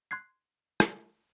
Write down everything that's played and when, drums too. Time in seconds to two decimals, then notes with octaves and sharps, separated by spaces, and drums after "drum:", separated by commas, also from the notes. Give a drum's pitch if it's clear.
0.11 C6 F#6 G#6 C7
0.80 drum: rim click